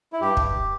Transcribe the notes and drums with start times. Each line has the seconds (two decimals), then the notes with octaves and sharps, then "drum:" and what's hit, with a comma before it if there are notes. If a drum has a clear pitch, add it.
0.13 E4
0.21 G2 G4
0.37 G2, drum: kick